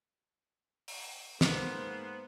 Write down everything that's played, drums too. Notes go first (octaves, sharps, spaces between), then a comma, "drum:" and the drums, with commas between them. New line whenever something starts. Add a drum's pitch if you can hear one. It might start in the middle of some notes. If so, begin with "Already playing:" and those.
drum: open hi-hat
G#2 A#3 B3 C5, drum: snare